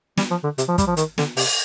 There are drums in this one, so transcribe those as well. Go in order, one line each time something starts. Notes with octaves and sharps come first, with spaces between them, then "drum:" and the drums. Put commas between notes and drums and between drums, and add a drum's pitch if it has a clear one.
G3, drum: snare
F3
D3
C3, drum: hi-hat
F3
G3, drum: kick, hi-hat
F3
D#3, drum: hi-hat
D3, drum: snare
C3, drum: open hi-hat